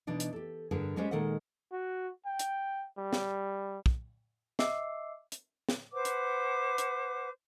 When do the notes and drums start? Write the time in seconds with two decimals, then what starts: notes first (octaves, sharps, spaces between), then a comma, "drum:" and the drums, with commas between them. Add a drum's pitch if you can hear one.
0.07 B2 E3 D4 D#4
0.20 drum: hi-hat
0.33 G4 A4
0.71 G2 D3 G#4 A#4 A5
0.97 G3 G#3 C#4 G4 C5
1.11 A#2 D#3 G#3 A4 D#5 F#5
1.72 F#4
2.26 G5
2.39 drum: hi-hat
2.98 G3
3.13 drum: snare
3.86 drum: kick
4.59 D#5 E5 D6 E6 C7, drum: snare
5.32 drum: hi-hat
5.69 drum: snare
5.93 B4 C5 F#5 D6
6.05 drum: hi-hat
6.78 drum: hi-hat